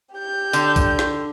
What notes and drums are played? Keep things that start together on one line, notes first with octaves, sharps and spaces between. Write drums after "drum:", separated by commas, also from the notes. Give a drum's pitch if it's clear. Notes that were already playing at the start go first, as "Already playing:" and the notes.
G4 G6
D3, drum: tambourine
drum: kick A#1, tambourine
drum: snare